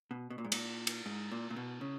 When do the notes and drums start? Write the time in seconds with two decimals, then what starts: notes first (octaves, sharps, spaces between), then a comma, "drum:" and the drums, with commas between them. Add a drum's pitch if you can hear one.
0.11 B2
0.30 B2
0.38 A#2
0.45 G#2
0.52 A#2, drum: cymbal
0.87 drum: cymbal
1.06 G#2
1.32 A#2
1.50 A#2
1.56 B2
1.81 C#3